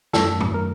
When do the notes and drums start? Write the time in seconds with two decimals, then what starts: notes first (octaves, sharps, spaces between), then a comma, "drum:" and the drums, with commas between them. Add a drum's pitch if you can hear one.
0.13 F#2 D#3 A3 A4, drum: snare
0.40 drum: tom
0.54 A#4